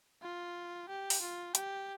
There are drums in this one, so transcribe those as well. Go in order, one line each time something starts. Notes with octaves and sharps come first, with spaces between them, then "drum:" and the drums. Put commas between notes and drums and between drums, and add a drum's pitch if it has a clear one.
F4
G4
drum: open hi-hat
F4
G4, drum: hi-hat